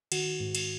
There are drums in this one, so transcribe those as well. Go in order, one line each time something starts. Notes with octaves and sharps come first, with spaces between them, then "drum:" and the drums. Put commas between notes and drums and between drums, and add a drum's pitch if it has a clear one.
D#3 F#4, drum: cymbal
G#2
drum: cymbal